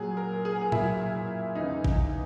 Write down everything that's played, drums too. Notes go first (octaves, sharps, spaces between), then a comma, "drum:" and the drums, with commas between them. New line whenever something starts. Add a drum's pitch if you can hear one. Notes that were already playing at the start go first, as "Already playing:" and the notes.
Already playing: A#2 F#3 G#4
A#4
G#4
A#4
G#4
A#2 F#3 E4, drum: tom A2
E2 C#3 E3 D#4
D#4, drum: kick